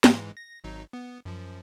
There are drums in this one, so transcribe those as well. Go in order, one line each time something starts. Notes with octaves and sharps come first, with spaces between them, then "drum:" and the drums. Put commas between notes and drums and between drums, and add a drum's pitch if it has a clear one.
G#2 E3 G#3, drum: snare
A#6
G#1 F#3 D#4
B3
F#2 F3